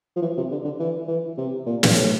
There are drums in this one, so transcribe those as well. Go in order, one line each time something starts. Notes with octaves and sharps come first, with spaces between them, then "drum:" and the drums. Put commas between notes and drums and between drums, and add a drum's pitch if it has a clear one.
F3
E3
C3
D3
D3
E3
E3
C3
A#2
G2, drum: snare
A2